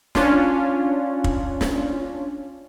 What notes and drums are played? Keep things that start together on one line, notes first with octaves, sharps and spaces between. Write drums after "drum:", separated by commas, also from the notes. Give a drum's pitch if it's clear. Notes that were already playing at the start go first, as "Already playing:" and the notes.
C#4 D4 F4, drum: snare
drum: kick
drum: snare